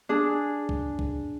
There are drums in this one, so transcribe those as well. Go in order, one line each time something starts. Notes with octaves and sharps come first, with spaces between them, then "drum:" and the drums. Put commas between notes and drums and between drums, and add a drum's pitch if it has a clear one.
D4 G#4
drum: kick
drum: kick